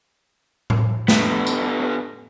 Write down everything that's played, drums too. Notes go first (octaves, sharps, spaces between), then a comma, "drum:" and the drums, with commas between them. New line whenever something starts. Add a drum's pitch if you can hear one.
drum: tom A2
D3 B3, drum: snare
drum: tambourine